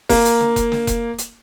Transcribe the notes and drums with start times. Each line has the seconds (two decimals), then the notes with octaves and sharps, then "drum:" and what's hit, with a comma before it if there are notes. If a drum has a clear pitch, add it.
0.09 A#3, drum: kick F1, open hi-hat
0.25 drum: hi-hat
0.41 drum: snare
0.56 drum: kick F1, hi-hat
0.72 drum: snare
0.87 drum: kick F1, hi-hat
1.18 drum: hi-hat